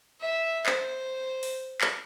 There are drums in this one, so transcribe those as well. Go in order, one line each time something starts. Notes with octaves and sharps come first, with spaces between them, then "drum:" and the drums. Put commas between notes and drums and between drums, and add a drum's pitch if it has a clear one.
E5
C5, drum: clap
drum: open hi-hat
drum: clap